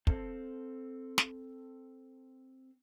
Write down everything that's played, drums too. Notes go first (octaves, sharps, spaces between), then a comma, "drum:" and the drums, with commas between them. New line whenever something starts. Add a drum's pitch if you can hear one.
C4 A4, drum: kick
drum: snare